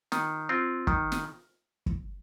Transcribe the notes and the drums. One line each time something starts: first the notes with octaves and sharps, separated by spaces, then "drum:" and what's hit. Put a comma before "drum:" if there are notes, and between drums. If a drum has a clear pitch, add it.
D#3, drum: snare
C4 F4
D#3, drum: kick
drum: snare
drum: kick